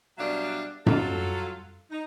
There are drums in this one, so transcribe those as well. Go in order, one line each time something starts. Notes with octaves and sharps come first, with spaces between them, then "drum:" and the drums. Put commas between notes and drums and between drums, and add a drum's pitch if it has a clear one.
B2 F#3 G3 D4 E5 F5
F#3 F4 A4, drum: tom F#2
D#4